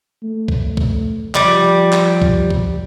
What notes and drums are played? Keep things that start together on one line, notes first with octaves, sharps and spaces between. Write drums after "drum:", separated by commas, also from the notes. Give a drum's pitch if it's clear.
A3
drum: kick
drum: kick
F3 G3, drum: clap
drum: clap
drum: kick
drum: kick